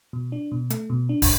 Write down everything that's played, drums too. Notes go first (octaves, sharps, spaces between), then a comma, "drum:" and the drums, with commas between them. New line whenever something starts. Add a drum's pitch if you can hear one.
B2
D4
B2
A3, drum: hi-hat
B2
D4
drum: kick, open hi-hat